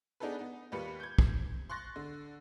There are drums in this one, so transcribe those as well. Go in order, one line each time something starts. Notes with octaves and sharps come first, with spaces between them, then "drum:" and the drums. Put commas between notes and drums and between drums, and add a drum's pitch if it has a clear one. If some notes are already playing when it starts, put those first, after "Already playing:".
B3 D4 D#4 G#4 A4 B4
B3 D#4
D#2 G3 F4 B4 C#7
G6 G#6
drum: kick
C6 C#6 F#6 A6 A#6
D3